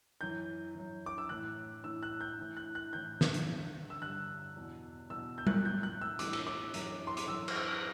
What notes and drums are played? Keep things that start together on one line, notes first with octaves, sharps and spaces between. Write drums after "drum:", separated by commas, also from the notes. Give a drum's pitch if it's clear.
F#2 E3 G6
F#2 E3
D6
E6
A2 E3 F#6
A2 E3 E6
F#6
G6
A2 E3
F#6
F#6
A2 E3 G6
drum: snare
drum: hi-hat
G2 D3
E6
G2 D3 F#6
E2 B2
E2 B2 E6
G6
F#6, drum: tom G3
A2 E3 G6
F#6
E6
A2 E3 D6, drum: hi-hat
E6, drum: cymbal
D6
F#2 E3, drum: hi-hat
C6
D6, drum: hi-hat
F#2 E3 E6
drum: cymbal